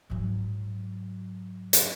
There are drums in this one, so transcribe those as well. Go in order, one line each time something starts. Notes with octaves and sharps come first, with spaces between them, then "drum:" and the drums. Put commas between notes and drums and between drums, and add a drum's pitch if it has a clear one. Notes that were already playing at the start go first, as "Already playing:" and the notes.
G#2 F#3
drum: hi-hat